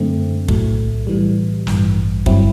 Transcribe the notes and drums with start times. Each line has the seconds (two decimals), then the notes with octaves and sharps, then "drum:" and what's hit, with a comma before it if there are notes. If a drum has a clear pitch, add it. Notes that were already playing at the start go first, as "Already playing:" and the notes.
Already playing: F#2 D3 A3 C4
0.48 B1 A2 F#3 A3, drum: kick
1.07 A2 E3 G3
1.67 A1 G2 E3, drum: snare
2.26 G1 G2 F#3 C4 E4, drum: kick